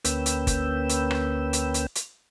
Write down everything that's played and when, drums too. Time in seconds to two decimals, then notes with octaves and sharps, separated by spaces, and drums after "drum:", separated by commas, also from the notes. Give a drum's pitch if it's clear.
0.05 D2 A#3 C#4 B4 G5 E6, drum: hi-hat
0.26 drum: hi-hat
0.47 drum: kick G1, hi-hat
0.89 drum: hi-hat
1.11 drum: rim click
1.53 drum: hi-hat
1.74 drum: hi-hat
1.95 drum: hi-hat